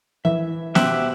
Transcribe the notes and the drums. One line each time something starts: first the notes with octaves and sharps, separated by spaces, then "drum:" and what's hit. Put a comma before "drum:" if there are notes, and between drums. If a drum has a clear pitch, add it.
E3 E5
B2 G4 C5 E5 F#5, drum: snare B3